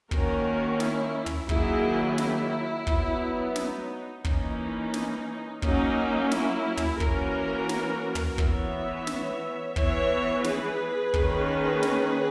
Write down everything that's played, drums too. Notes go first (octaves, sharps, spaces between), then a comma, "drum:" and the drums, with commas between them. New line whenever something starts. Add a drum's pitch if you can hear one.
D#3 A#3 C#4 F#4 A#4, drum: kick
E4, drum: snare
drum: tom
D#3 F#3 A#3 E4 G#4, drum: kick
E4, drum: snare
F#3 B3, drum: kick
D#4, drum: snare
E3 A#3 C#4 D#4, drum: kick
drum: snare
F#3 A#3 C#4 D#4, drum: kick
E4, drum: snare
drum: tom
E3 A#3 C#4 F#4 A#4, drum: kick
drum: snare
drum: tom
E3 B3 C#5 E5, drum: kick
drum: snare
E3 B3 C#5 E5, drum: kick
G#4 B4, drum: snare
D#3 A#3 C#4, drum: kick
drum: snare